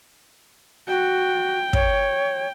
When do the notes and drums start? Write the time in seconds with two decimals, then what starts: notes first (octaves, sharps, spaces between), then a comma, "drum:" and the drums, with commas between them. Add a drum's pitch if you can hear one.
0.88 F#4 G5
1.73 C#5, drum: kick